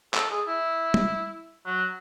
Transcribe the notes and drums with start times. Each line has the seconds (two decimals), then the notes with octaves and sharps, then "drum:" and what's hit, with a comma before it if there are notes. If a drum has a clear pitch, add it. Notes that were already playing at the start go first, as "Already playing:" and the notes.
0.14 A4, drum: clap
0.30 G#4
0.48 E4
0.94 drum: tom
1.66 F#3